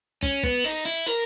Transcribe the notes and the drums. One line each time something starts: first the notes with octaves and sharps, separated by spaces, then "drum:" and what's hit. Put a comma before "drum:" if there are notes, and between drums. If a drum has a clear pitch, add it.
C#4, drum: kick, hi-hat
B3, drum: kick, hi-hat
D#4, drum: open hi-hat
E4, drum: hi-hat
A#4, drum: open hi-hat